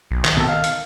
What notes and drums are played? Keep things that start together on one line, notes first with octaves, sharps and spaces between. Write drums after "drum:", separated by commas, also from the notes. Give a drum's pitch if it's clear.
B1
D#3, drum: clap
B2 A4
F5
drum: hi-hat